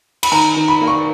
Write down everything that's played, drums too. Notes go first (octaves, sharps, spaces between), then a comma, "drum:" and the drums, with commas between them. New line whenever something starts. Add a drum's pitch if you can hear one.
B5, drum: cymbal
D#3 A#5
D#3
B5
A#3
C#6